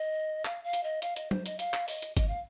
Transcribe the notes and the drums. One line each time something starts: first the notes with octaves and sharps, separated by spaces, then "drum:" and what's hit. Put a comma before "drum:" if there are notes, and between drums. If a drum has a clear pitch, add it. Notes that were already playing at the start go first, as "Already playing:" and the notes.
Already playing: D#5
F5, drum: clap
F5
drum: hi-hat
D#5
F5, drum: hi-hat
D#5, drum: hi-hat
C5, drum: tom F#3
D#5, drum: hi-hat
F5, drum: hi-hat
drum: clap
D#5, drum: open hi-hat
drum: hi-hat
D#5, drum: kick, hi-hat
F5